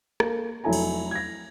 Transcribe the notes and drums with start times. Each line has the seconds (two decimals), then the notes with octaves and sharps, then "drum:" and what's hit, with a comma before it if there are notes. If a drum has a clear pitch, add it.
0.20 A#3 A4, drum: rim click
0.64 F1 F#3 E4 A4 G#5 A#5
0.73 drum: cymbal
1.11 G#6 A#6